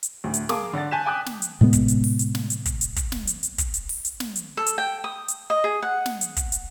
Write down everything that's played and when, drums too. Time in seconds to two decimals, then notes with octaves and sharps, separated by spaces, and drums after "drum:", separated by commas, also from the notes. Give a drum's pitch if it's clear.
0.03 drum: hi-hat
0.24 D2 A2
0.34 drum: hi-hat
0.49 G#4 A#4 F5 A5 D6 D#6, drum: snare
0.73 D3 D5 F#5 A6
0.91 G#5 A5 F#6 G6 B6 E7
1.06 G5 G#5 D6 D#6 F#6
1.26 drum: snare
1.42 drum: hi-hat
1.61 A2 C3 G#3 B3
1.73 drum: kick, hi-hat
1.88 drum: hi-hat
2.04 drum: open hi-hat
2.19 drum: hi-hat
2.35 drum: snare
2.50 drum: hi-hat
2.65 drum: kick, hi-hat
2.81 drum: hi-hat
2.96 drum: kick, hi-hat
3.12 drum: snare
3.27 drum: hi-hat
3.43 drum: hi-hat
3.58 drum: kick, hi-hat
3.74 drum: hi-hat
3.89 drum: open hi-hat
4.05 drum: hi-hat
4.20 drum: snare
4.36 drum: hi-hat
4.57 A4
4.66 drum: hi-hat
4.78 G5
5.04 D#6
5.28 drum: hi-hat
5.50 D#5
5.64 G#4
5.83 F#5
6.06 drum: snare
6.21 drum: hi-hat
6.37 drum: kick, hi-hat
6.52 drum: hi-hat